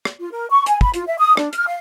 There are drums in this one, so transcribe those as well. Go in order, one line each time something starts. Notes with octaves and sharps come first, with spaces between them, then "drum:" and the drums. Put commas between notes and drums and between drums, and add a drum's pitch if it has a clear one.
drum: rim click
F4
A#4
C#6
G#5, drum: hi-hat
B5, drum: kick
F4, drum: hi-hat
E5
D#6
D4, drum: rim click
F6, drum: hi-hat
F5